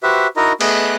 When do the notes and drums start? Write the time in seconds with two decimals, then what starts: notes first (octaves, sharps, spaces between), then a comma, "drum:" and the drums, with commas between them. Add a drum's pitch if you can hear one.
0.03 F#4 G4 B4 C5 E5
0.36 D#4 E4 F#4 A#4 D#5 A#5
0.61 A3 B3 G#4 D#5 F#6, drum: cymbal